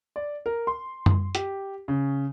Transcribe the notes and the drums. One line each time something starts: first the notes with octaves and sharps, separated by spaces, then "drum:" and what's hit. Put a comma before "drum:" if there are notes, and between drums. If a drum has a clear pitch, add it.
D5
A#4
C6
drum: tom F#2
G4, drum: hi-hat
C#3